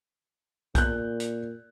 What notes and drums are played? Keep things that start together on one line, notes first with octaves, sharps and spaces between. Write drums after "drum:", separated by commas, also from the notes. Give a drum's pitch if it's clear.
A#2 F#6 G6, drum: kick, hi-hat
drum: hi-hat